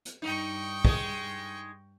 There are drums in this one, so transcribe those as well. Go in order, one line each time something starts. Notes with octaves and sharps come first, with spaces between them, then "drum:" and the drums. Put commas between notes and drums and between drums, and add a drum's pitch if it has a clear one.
drum: hi-hat
G2 D#4 G5 C#6
G#3 G#4, drum: kick